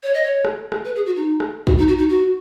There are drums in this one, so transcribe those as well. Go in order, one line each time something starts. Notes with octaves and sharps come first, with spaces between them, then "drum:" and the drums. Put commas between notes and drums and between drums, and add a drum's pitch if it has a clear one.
C#5
D#5
C#5
drum: rim click
drum: rim click
B4
G#4
F#4
D#4
drum: rim click
F#4, drum: kick
D#4
F#4
D#4
F#4